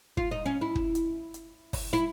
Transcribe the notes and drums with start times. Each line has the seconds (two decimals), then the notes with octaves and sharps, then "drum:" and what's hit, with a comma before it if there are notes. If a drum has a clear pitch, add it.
0.17 F4, drum: kick
0.31 D#4
0.46 C#4
0.61 E4
0.75 drum: kick
0.95 drum: hi-hat
1.34 drum: hi-hat
1.73 drum: kick, open hi-hat
1.93 E4